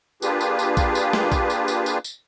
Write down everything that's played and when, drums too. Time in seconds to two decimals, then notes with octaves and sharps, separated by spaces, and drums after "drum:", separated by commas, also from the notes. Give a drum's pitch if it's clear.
0.22 A#3 D4 F4 G4 G#4 B4, drum: tambourine
0.41 drum: tambourine
0.59 drum: tambourine
0.77 drum: kick A#1, tambourine
0.95 drum: tambourine
1.13 drum: snare
1.32 drum: kick A#1, tambourine
1.50 drum: tambourine
1.68 drum: tambourine
1.86 drum: tambourine
2.04 drum: tambourine